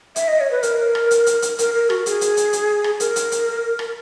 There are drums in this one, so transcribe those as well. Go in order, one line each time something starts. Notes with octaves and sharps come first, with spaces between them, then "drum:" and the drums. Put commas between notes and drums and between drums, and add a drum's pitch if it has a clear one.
E5, drum: hi-hat
D#5
C#5
B4
A#4, drum: hi-hat
drum: rim click
drum: hi-hat
drum: hi-hat
drum: hi-hat
A#4, drum: hi-hat
A#4
F#4, drum: rim click
G#4, drum: hi-hat
drum: hi-hat
drum: hi-hat
drum: hi-hat
drum: rim click
A#4, drum: hi-hat
drum: hi-hat
drum: hi-hat
drum: rim click